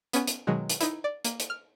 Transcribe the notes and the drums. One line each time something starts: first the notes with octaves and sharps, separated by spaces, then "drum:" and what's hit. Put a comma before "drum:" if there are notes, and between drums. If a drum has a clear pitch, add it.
B3 C#4 G#5, drum: hi-hat
drum: hi-hat
B2 D#3 F#3 G#3
drum: hi-hat
D#4 E4, drum: hi-hat
D5
A#3, drum: hi-hat
drum: hi-hat
F6